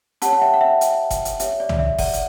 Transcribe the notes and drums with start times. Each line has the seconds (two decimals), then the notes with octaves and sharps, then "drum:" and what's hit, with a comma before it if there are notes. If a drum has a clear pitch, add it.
0.22 G4 C#5 F#5 A5, drum: hi-hat
0.33 F#5
0.41 E5 G5
0.54 F#5
0.61 E5
0.81 drum: hi-hat
1.10 drum: kick F#1, hi-hat
1.25 drum: hi-hat
1.40 G4 C#5 E5, drum: hi-hat
1.60 D5
1.69 drum: tom
1.79 E5
1.98 D5 F#5, drum: kick F#1, open hi-hat
2.13 drum: hi-hat